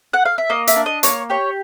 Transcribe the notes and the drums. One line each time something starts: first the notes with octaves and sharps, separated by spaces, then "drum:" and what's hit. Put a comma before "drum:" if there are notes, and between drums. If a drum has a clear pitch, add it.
F#5
F5
E5
A#3 D#5
E5, drum: hi-hat
D4
D#5
A#3 C#5, drum: hi-hat
G4 C#5